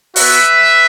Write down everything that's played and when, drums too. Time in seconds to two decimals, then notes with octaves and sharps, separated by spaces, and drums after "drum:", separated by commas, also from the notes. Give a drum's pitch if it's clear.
0.16 B3 F#4 B4 E5, drum: open hi-hat